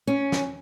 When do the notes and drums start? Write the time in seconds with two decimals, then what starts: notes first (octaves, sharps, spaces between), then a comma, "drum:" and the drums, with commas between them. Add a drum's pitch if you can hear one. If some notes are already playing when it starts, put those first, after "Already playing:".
0.07 C#4
0.32 drum: snare